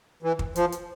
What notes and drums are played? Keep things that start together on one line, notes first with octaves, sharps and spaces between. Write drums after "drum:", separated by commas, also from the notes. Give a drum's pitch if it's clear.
E3
drum: kick
F3, drum: hi-hat
drum: hi-hat